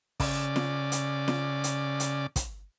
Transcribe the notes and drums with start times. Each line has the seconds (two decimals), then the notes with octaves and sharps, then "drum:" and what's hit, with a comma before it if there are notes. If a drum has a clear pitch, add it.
0.20 C#3 D5, drum: kick, open hi-hat
0.56 drum: snare
0.92 drum: hi-hat
1.28 drum: snare
1.64 drum: hi-hat
2.00 drum: hi-hat
2.36 drum: kick, hi-hat